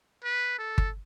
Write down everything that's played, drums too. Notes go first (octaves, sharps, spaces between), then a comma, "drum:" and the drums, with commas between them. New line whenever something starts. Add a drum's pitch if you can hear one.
B4
A4
drum: kick G1